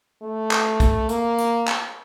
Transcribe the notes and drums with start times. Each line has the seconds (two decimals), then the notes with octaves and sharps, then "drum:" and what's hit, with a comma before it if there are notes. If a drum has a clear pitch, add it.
0.22 A3
0.51 drum: clap
0.80 drum: kick, hi-hat
1.09 A#3, drum: hi-hat
1.38 drum: hi-hat
1.67 drum: clap